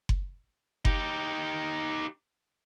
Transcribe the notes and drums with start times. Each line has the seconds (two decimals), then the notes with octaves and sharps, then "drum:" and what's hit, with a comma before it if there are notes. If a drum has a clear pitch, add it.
0.09 drum: kick F#1
0.85 D#4 G4, drum: kick F#1